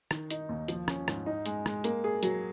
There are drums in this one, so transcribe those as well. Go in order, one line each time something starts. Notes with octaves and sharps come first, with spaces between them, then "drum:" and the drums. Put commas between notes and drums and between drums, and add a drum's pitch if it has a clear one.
D#3, drum: rim click
D#4, drum: hi-hat
D#2
F3, drum: hi-hat
C#4, drum: rim click
G#2, drum: rim click
D#4
G#3, drum: hi-hat
G#3, drum: rim click
A#3, drum: hi-hat
G#4
F#3, drum: hi-hat